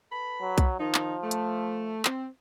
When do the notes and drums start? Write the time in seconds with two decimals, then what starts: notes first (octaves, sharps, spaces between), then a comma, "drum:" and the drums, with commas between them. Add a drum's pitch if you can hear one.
0.11 A4 B4 B5
0.41 F#3
0.58 drum: kick B1, hi-hat
0.80 D#3 F3 D#4
0.94 drum: clap
1.22 A3
1.31 drum: hi-hat
2.05 C4, drum: clap